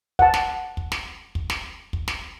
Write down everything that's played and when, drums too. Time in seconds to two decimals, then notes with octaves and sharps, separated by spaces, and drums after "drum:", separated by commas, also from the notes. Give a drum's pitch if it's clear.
0.19 F#5 A5, drum: kick
0.34 drum: snare
0.77 drum: kick
0.92 drum: snare
1.35 drum: kick
1.50 drum: snare
1.93 drum: kick
2.08 drum: snare